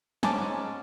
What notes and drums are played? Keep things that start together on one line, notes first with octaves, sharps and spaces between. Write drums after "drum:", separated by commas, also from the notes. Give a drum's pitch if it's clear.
G#2 C#4 G#5 A5 D6, drum: snare